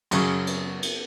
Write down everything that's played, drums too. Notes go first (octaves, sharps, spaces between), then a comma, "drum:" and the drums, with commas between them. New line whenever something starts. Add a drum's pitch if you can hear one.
F#2 C#3 C#6, drum: cymbal
drum: cymbal
drum: cymbal